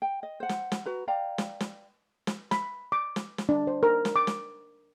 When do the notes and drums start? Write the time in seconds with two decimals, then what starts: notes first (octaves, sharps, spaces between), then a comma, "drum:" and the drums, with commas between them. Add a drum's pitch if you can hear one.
0.02 G5
0.23 D#5
0.40 C5 F#5
0.49 drum: snare
0.72 drum: snare
0.86 F#4 B4 A#5
1.08 D5 F5 G5 A#5
1.38 drum: snare
1.60 drum: snare
2.27 drum: snare
2.51 B5, drum: snare
2.92 D6
3.16 drum: snare
3.38 drum: snare
3.49 D4
3.67 C5
3.83 A#4
4.05 drum: snare
4.16 D6
4.27 drum: snare